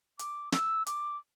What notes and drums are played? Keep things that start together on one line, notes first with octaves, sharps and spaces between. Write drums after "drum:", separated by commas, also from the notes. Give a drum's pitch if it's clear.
D6, drum: hi-hat
E6, drum: snare
D6, drum: hi-hat